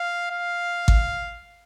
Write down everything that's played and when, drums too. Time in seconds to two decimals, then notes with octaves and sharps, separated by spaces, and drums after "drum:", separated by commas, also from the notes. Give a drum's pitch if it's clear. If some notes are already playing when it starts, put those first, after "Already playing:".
Already playing: F5
0.31 F5
0.88 drum: kick G#1